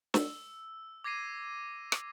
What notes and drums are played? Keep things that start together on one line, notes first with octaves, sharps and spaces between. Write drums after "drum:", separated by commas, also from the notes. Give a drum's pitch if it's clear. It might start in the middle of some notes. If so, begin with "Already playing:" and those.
E6, drum: snare
D6 G#6 A#6 C7 D#7
drum: rim click